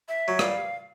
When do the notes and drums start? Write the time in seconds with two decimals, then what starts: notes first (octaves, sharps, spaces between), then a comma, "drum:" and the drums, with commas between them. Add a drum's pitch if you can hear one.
0.09 E5
0.28 F#3
0.39 G3 F5, drum: rim click